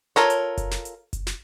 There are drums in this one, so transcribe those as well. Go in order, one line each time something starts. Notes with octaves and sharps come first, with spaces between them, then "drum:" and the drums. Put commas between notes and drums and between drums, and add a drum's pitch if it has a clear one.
F4 A4 A#4 C#5, drum: snare
drum: hi-hat
drum: kick F#1, hi-hat
drum: snare
drum: hi-hat
drum: kick F#1, hi-hat
drum: snare